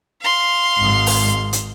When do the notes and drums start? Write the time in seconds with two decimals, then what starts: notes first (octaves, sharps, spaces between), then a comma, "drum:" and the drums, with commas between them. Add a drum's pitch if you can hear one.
0.22 F5 C6
0.78 G#1 G#2
1.06 drum: open hi-hat
1.53 drum: hi-hat